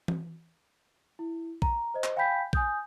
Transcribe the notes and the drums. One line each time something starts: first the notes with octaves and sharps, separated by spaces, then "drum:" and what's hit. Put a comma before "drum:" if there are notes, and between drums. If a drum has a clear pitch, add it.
drum: tom E3
E4
A#5, drum: kick A#1
C5 D#5
drum: clap
F5 G5 G#5 B5 G6 B6
G#5 D#6 G6, drum: kick A#1